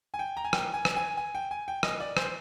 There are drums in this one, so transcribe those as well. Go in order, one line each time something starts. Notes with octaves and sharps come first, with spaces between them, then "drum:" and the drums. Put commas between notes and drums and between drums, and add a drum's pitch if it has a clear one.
G#5
G5
A#5
G#5
G5, drum: rim click
G#5
drum: rim click
G#5
G#5
G5
G#5
G5
D#5, drum: rim click
D5
C5, drum: rim click